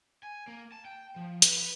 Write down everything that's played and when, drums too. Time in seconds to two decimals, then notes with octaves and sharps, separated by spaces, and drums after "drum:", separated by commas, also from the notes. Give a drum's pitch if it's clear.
0.23 G#5
0.48 A#3
0.72 A5
0.85 G5
1.16 F3
1.42 B4, drum: hi-hat
1.57 B4